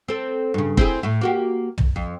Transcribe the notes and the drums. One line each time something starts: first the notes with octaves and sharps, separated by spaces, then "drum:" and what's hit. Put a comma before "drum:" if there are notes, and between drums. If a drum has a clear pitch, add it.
C4 A4
G2 C#3
C4 E4 G#4, drum: kick
A2 E4
A#3 F#4 G4
drum: tom
F2